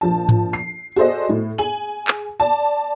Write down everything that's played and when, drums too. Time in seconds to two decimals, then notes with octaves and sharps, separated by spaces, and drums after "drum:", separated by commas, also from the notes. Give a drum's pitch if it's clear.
0.01 A#1 F3 A5
0.29 drum: tom G#2
0.53 C7
0.96 F#4 G#4 A4 C5 D5 D#5
1.29 A2
1.58 G#4 G#5 F#7
2.08 drum: clap
2.40 D5 A5